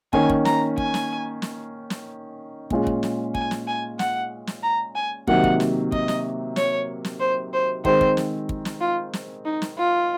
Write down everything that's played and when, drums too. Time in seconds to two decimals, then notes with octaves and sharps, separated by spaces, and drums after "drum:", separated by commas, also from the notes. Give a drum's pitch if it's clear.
0.13 D#3 A#3 C#4 G#5, drum: kick
0.30 drum: kick
0.45 A#5, drum: snare
0.78 G#5, drum: kick
0.94 drum: snare
1.42 drum: snare
1.90 drum: snare
2.70 A#2 G#3 C#4 F4, drum: kick
2.87 drum: kick
3.03 drum: snare
3.35 G#5, drum: kick
3.51 drum: snare
3.67 G#5
3.99 F#5, drum: snare
4.47 drum: snare
4.63 A#5
4.95 G#5
5.27 C3 D#3 F#3 A#3 F#5, drum: kick
5.44 drum: kick
5.60 drum: snare
5.92 D#5, drum: kick
6.08 drum: snare
6.56 C#5, drum: snare
7.05 drum: snare
7.20 C5
7.53 C5
7.85 D#3 G#3 C4 C5, drum: kick
8.01 drum: kick
8.17 drum: snare
8.49 drum: kick
8.65 drum: snare
8.81 F4
9.13 drum: snare
9.45 D#4
9.62 drum: snare
9.78 F4